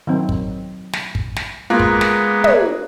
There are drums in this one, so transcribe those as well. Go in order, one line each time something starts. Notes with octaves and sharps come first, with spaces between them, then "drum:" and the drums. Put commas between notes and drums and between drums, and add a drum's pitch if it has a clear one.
D#3 F#3 C4
drum: kick
drum: snare
drum: kick
drum: snare
G#3 A#3 B3 F4
drum: kick
drum: snare
drum: tom